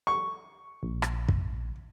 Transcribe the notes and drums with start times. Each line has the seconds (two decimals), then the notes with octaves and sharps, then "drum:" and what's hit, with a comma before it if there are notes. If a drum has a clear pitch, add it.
0.07 C#6
0.83 A#1
1.02 drum: rim click
1.28 drum: kick